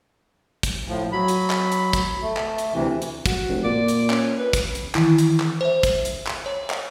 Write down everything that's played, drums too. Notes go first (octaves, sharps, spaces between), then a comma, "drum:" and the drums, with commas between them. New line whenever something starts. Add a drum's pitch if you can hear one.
drum: kick, hi-hat
A2 F3
F#3 B5
drum: hi-hat
drum: clap
drum: hi-hat
drum: kick, hi-hat
A3
drum: clap
drum: hi-hat
D2 C3 E3
drum: hi-hat
F#4, drum: kick, hi-hat
F1
A#2 D5
drum: hi-hat
C#4, drum: clap
B4
drum: kick, hi-hat
drum: hi-hat
D#3 E3 E4, drum: clap
drum: hi-hat
drum: clap
C5 E5
drum: kick, hi-hat
drum: hi-hat
drum: clap
C#5
drum: clap